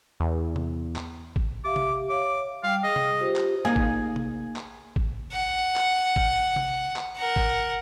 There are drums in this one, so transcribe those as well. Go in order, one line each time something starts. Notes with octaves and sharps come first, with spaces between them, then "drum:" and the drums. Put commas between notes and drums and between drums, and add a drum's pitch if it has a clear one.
E2
drum: tom C3
drum: clap
drum: kick G#1
G4 E5 F5 D6
drum: tom C3
G4
C#5 F5 D6
G3 F5 G5
G#4 D#5
drum: tom C3
F4 G4 C5
drum: clap
A#3 D#4 G#4
drum: kick G#1
drum: tom C3
drum: clap
drum: kick G#1
F#5
drum: clap
drum: kick G#1
drum: tom C3
drum: clap
A#4 F#5
drum: kick G#1